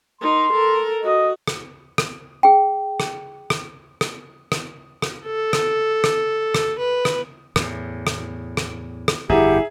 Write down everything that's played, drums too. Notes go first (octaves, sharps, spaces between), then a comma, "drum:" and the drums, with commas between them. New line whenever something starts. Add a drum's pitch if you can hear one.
D#4 A#4 C6
A4 A#4
F#4 D#5
drum: rim click
drum: rim click
G#4 G5
drum: rim click
drum: rim click
drum: rim click
drum: rim click
drum: rim click
A4
drum: rim click
drum: rim click
drum: rim click
B4
drum: rim click
E2 A2, drum: rim click
drum: rim click
drum: rim click
drum: rim click
G1 F2 E4 G4 G#4 E5 F#5 A#5